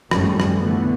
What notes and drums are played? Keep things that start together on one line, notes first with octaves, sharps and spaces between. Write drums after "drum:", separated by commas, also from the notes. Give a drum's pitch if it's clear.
G#1 F#2 F3 G3 A3 C#4, drum: rim click
drum: rim click
A#2 D3 E3 A3 B3